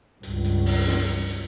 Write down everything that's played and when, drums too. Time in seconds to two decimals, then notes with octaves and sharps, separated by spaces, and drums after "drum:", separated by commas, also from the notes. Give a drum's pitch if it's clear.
0.23 C#2 G2, drum: hi-hat
0.45 drum: hi-hat
0.66 drum: open hi-hat
0.87 drum: snare
1.08 drum: hi-hat
1.30 drum: hi-hat